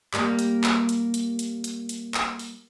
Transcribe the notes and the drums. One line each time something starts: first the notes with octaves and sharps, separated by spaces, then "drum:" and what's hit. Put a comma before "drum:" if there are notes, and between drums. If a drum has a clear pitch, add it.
G3 A#3, drum: clap
drum: hi-hat
drum: clap
drum: hi-hat
drum: hi-hat
drum: hi-hat
drum: hi-hat
drum: hi-hat
drum: clap
drum: open hi-hat